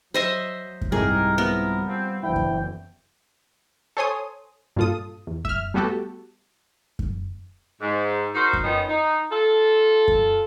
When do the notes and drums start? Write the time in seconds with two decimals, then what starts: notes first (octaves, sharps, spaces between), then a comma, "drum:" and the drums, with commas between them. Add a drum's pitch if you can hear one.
0.14 F#3 C5 D#5 E5
0.81 drum: kick F#2
0.92 C2 G#2 G3 A3 D#4 G4 G#4 A#4
1.38 F3 G3 B3 E4 A#4
1.88 F3 C4
2.23 F#1 D2 E3 E4 G5
2.36 drum: kick F#2
3.97 A4 C5 C#5 G#5 C6 D#6
4.76 G2 A#2 F4 A4 D#6
5.27 E2
5.45 E5 F6, drum: kick F#2
5.74 G3 A3 B3 F#4 G4 A4
6.99 drum: kick F#2
7.81 G#2
8.35 D#4 F#4 A#4 C5
8.53 drum: kick F#2
8.63 D#3 B3 C#4 D#4 F4
8.88 D#4
9.31 F4 A4
10.08 drum: kick F#2